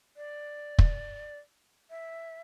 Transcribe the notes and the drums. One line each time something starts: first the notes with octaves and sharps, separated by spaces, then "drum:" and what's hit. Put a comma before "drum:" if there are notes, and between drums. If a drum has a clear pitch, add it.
D5
drum: kick
E5